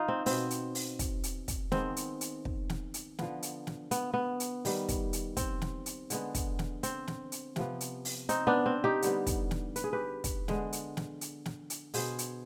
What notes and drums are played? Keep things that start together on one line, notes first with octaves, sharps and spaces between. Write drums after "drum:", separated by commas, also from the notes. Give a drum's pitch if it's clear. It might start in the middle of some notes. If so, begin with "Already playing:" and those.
Already playing: D#3 D#4 F4
C4
B2 B3 C4, drum: open hi-hat
drum: hi-hat
drum: open hi-hat
drum: kick, hi-hat
drum: hi-hat
drum: kick, hi-hat
D#3 G#3 B3 C4, drum: snare
drum: hi-hat
drum: hi-hat
drum: kick
drum: snare
drum: hi-hat
D3 F3 B3, drum: snare
drum: hi-hat
drum: snare
B3, drum: hi-hat
B3
drum: hi-hat
D#3 G3 B3, drum: open hi-hat
drum: kick, hi-hat
drum: hi-hat
C4, drum: kick, hi-hat
drum: snare
drum: hi-hat
D3 G#3 B3, drum: hi-hat
drum: kick, hi-hat
drum: snare
C4, drum: hi-hat
drum: snare
drum: hi-hat
C3 F3 B3, drum: snare
drum: hi-hat
drum: open hi-hat
C4 D#4, drum: hi-hat
B3 D4
C4
D#4 G4
D3 G3 B3, drum: hi-hat
drum: kick, hi-hat
drum: snare
B4, drum: hi-hat
G#4
G4 B4
drum: kick, hi-hat
D3 G#3 B3, drum: snare
drum: hi-hat
drum: snare
drum: hi-hat
drum: snare
drum: hi-hat
B2 B3 G#4 C5, drum: open hi-hat
drum: hi-hat